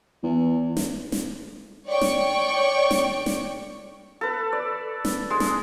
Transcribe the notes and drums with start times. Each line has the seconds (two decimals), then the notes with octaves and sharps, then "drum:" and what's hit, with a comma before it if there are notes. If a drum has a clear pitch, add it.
0.23 E2
0.77 drum: snare
1.12 drum: snare
1.87 C#5 D5 G5 C#6
2.01 drum: snare
2.91 drum: snare
3.26 drum: snare
4.21 A4 B4
4.53 D5
5.05 drum: snare
5.31 G#3
5.40 drum: snare